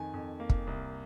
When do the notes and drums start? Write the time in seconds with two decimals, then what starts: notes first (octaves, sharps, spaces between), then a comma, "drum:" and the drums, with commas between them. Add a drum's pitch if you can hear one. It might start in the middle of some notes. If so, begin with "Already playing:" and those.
Already playing: F2 D#3 G#5
0.14 F2
0.40 A#3
0.49 drum: kick
0.67 C2